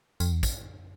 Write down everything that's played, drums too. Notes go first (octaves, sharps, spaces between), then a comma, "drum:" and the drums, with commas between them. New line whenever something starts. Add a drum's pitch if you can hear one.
F2, drum: tambourine
E2
drum: kick, tambourine